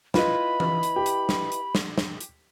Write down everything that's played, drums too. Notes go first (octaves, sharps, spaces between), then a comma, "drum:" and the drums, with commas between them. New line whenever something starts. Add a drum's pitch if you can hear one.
E4 F4 B4 D#5 B5, drum: snare
drum: tom E3
drum: hi-hat
G4
drum: hi-hat
drum: snare
drum: hi-hat
drum: snare
drum: snare
drum: hi-hat